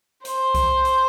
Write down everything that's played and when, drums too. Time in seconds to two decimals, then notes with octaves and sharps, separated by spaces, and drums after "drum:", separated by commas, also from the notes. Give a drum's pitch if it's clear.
0.25 C5, drum: hi-hat
0.54 drum: kick B1, hi-hat
0.85 drum: hi-hat